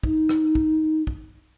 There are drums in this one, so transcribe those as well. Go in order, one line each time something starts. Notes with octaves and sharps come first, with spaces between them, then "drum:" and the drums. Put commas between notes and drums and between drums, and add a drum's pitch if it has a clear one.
D#4, drum: kick
drum: rim click
drum: kick
drum: kick